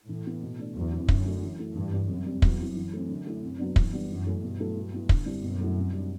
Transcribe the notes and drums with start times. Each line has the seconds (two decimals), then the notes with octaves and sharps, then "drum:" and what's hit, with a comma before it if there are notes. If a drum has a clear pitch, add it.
0.09 A2 E3
0.26 B3 E4
0.42 B2
0.59 A3 D4
0.75 E2 F#3
0.93 C4 E4
1.08 F#2 D3, drum: kick
1.26 F#3 A3 D4
1.43 E3
1.59 A3 E4
1.75 G2 E3
1.93 G3 D4
2.09 F#2 C3
2.26 G3 C4
2.42 E2 F#3, drum: kick
2.60 C4 E4
2.76 F#2 E3
2.93 A3 C4
3.09 D3
3.26 A3 E4
3.43 C3
3.59 F#3 B3 D4
3.76 F#2 E3, drum: kick
3.93 G3 B3 D4
4.09 F#2 E3
4.26 A3 E4
4.42 G2 B2
4.59 F#3 A3 E4
4.77 F#3
4.93 B3 E4
5.09 D3, drum: kick
5.26 G3 C4 E4
5.43 F#2 B2
5.60 A3 E4
5.77 C3
5.93 G3 D4